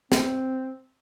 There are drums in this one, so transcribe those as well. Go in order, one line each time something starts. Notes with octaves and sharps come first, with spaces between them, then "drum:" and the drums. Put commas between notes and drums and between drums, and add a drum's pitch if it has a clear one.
C4, drum: snare